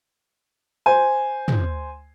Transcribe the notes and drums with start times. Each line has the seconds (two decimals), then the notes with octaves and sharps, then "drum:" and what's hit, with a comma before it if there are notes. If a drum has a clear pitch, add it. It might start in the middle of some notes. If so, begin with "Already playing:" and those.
0.86 C5 G#5
1.48 drum: tom